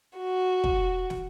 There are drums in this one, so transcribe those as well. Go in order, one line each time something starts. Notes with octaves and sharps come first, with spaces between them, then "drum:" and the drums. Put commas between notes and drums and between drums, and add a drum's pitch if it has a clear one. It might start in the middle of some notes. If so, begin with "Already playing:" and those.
F#4
drum: kick
drum: snare